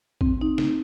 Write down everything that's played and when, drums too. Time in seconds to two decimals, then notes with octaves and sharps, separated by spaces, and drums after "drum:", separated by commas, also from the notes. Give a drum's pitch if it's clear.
0.21 C4, drum: kick
0.41 D#4
0.58 drum: snare